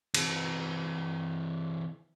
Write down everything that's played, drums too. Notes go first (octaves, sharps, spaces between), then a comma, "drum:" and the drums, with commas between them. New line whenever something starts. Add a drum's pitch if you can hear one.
E3 C4, drum: cymbal